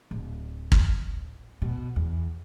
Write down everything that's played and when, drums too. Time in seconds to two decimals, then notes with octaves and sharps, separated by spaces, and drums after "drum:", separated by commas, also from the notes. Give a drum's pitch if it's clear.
0.11 D1
0.72 drum: kick
1.62 B2
1.96 E2